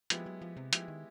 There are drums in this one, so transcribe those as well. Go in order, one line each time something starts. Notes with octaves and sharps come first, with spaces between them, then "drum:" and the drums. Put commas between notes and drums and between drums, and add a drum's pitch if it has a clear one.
F3 G#3 B3 E4 G4, drum: hi-hat
F#3
F3
C3
F3 G#3 B3 E4 G4, drum: hi-hat
D#3